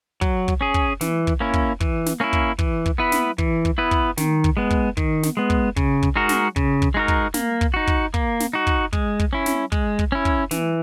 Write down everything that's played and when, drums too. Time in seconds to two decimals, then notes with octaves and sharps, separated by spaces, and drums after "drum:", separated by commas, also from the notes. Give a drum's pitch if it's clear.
0.21 F#3, drum: kick
0.48 drum: kick
0.61 C#4 G#4
0.74 drum: kick
1.01 E3, drum: snare
1.27 drum: kick
1.40 A#3 C#4 E4
1.53 drum: kick
1.80 E3, drum: kick
2.06 drum: snare
2.20 A#3 C#4 E4
2.33 drum: kick
2.59 E3, drum: kick
2.86 drum: kick
2.98 B3 E4 B4
3.12 drum: snare
3.38 E3, drum: kick
3.65 drum: kick
3.78 B3 E4 B4
3.91 drum: kick
4.17 D#3, drum: snare
4.44 drum: kick
4.57 G#3 B3
4.70 drum: kick
4.97 D#3, drum: kick
5.23 drum: snare
5.37 G#3 B3
5.50 drum: kick
5.76 C#3, drum: kick
6.03 drum: kick
6.16 G#3 D#4 F#4 A#4
6.29 drum: snare
6.56 C#3, drum: kick
6.82 drum: kick
6.94 G#3 D#4 F#4 A#4
7.08 drum: kick
7.34 A#3, drum: snare
7.61 drum: kick
7.74 D#4 F#4
7.87 drum: kick
8.14 A#3, drum: kick
8.40 drum: snare
8.53 D#4 F#4
8.67 drum: kick
8.93 G#3, drum: kick
9.19 drum: kick
9.33 C#4 E4
9.46 drum: snare
9.72 G#3, drum: kick
9.99 drum: kick
10.12 C#4 E4
10.25 drum: kick
10.51 E3, drum: snare